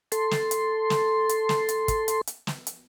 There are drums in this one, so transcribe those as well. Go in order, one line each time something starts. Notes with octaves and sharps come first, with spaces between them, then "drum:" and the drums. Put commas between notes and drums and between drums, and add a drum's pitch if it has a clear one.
A4 C6, drum: hi-hat
drum: snare
drum: hi-hat
drum: snare
drum: hi-hat
drum: snare
drum: hi-hat
drum: kick, hi-hat
drum: hi-hat
drum: hi-hat
drum: snare
drum: hi-hat